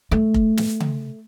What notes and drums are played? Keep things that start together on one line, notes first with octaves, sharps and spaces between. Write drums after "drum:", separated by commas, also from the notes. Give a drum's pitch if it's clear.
A3
drum: kick F1
drum: snare
drum: tom C#3